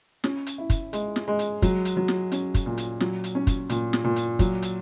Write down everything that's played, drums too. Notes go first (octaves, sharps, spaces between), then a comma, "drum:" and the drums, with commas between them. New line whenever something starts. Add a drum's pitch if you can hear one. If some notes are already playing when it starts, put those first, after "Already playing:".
C#4, drum: snare
drum: hi-hat
E4
drum: kick, hi-hat
G#3, drum: hi-hat
drum: snare
G#3
drum: hi-hat
F#3, drum: kick, hi-hat
drum: hi-hat
F#3
drum: snare
C#4, drum: hi-hat
drum: kick, hi-hat
A#2
drum: hi-hat
F#3, drum: snare
drum: hi-hat
C#4
drum: kick, hi-hat
A#2, drum: hi-hat
drum: snare
A#2
drum: hi-hat
F#3, drum: kick, hi-hat
drum: hi-hat